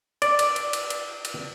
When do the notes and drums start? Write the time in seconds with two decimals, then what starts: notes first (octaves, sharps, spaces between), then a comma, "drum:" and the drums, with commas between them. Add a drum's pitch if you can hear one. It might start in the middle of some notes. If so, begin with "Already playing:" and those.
0.22 D5, drum: cymbal
0.39 drum: cymbal
0.56 drum: cymbal
0.73 drum: cymbal
0.90 drum: cymbal
1.25 drum: cymbal